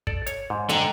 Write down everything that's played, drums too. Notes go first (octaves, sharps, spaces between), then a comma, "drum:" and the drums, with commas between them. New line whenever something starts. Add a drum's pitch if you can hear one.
A4 D5, drum: kick
C#5, drum: hi-hat
G#2
D3 D#5 G5 A#5